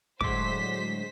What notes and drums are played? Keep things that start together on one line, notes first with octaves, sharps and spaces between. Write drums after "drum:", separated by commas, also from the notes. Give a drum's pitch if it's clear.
A2 D3 F#3 G#3 C5 C6 D6 B6, drum: kick